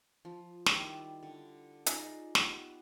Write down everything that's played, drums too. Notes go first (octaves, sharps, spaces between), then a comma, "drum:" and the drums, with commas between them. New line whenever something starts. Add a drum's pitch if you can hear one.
F3
D#3 G3 E4 F4, drum: snare
D3
D#4 F4 G#4 D5, drum: hi-hat
B3 G4, drum: snare